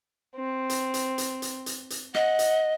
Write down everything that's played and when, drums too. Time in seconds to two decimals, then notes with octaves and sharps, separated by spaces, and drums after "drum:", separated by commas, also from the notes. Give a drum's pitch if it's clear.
0.36 C4
0.70 drum: hi-hat
0.94 drum: hi-hat
1.18 drum: hi-hat
1.42 drum: hi-hat
1.66 drum: hi-hat
1.90 drum: hi-hat
2.15 D#5 F#5, drum: rim click
2.39 drum: hi-hat